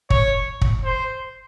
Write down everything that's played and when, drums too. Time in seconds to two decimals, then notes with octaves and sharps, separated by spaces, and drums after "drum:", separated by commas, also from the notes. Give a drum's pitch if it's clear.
0.10 C#5, drum: kick
0.61 drum: kick
0.84 C5